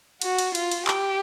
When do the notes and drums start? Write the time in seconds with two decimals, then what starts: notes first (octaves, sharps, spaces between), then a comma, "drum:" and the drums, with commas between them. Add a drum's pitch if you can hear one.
0.22 F#4, drum: cymbal
0.39 drum: cymbal
0.55 F4, drum: cymbal
0.71 drum: cymbal
0.87 G4, drum: clap